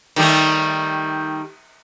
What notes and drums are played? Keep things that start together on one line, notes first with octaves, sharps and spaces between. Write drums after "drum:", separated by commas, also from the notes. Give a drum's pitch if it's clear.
D#3 G3 A3, drum: cymbal